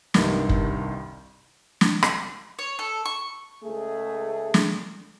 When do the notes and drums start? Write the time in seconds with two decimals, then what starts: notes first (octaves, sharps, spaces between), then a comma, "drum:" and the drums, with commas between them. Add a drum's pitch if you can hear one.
0.14 C2 G2 D#3, drum: snare
0.49 drum: kick
1.81 drum: snare
2.03 drum: rim click
2.59 C#5
2.79 A4
3.05 C#6
3.63 C#2 A3 G#4
4.54 drum: snare